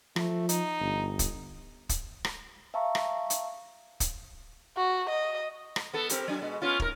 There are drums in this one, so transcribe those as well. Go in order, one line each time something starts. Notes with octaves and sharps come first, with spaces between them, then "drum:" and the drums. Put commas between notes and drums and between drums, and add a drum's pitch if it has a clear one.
F3 A3, drum: rim click
D#4, drum: hi-hat
G1
drum: kick, hi-hat
drum: kick, hi-hat
drum: rim click
E5 F5 A5 A#5 C#6
drum: rim click
drum: hi-hat
drum: kick, hi-hat
F#4
D#5
drum: rim click
B3 A4
C4 G4 A#4, drum: hi-hat
F#3 D4
B2 G#3
B3 C#4 F4
G#2 A#4, drum: kick